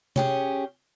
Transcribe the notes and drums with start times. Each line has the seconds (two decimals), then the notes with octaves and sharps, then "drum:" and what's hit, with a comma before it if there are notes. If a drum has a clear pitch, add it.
0.16 C#4 G4 G#4, drum: tom C3